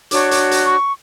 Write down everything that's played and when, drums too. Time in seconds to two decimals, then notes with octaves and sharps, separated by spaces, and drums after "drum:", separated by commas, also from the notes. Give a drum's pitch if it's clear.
0.11 D4 F#4 C#5 D6, drum: hi-hat
0.31 drum: hi-hat
0.51 drum: hi-hat
0.64 C#6